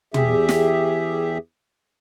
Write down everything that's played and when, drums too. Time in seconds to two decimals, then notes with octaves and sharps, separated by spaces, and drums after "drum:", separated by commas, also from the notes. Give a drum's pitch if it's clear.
0.14 E2 G4 G#4 E5, drum: tom
0.49 drum: snare